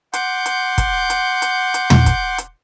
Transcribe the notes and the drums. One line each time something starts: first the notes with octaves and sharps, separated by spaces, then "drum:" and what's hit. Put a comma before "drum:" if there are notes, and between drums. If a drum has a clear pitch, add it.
F#5 C6 D6 G6, drum: hi-hat
drum: hi-hat
drum: kick, hi-hat
drum: hi-hat
drum: hi-hat
drum: hi-hat
drum: tom
drum: kick, hi-hat
drum: hi-hat